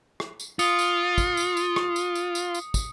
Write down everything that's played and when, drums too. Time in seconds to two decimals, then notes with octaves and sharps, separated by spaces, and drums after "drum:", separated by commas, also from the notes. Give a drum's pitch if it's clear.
0.20 drum: rim click
0.40 drum: tambourine
0.59 F4 D#6 C#7, drum: tambourine
0.79 drum: tambourine
1.18 drum: kick, tambourine
1.37 drum: tambourine
1.57 drum: tambourine
1.76 drum: rim click
1.96 drum: tambourine
2.15 drum: tambourine
2.35 drum: tambourine
2.55 drum: tambourine
2.74 drum: kick, tambourine